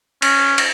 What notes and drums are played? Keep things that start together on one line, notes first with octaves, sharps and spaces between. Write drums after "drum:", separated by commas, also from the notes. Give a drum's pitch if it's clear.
C#4, drum: cymbal
drum: cymbal